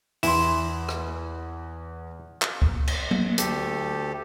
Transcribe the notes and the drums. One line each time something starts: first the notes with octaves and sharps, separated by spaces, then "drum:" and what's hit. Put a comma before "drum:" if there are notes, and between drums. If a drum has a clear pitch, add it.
E2 E4 C6 E7, drum: open hi-hat
drum: rim click
drum: clap
drum: kick C#2
drum: cymbal
drum: tom F#3
D2 G4 A4, drum: hi-hat